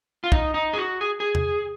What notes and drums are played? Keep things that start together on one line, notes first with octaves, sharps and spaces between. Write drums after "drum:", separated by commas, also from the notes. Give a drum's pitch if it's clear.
F4
D#4, drum: kick
D#4
G#4
F#4
G#4
G#4
drum: tom E2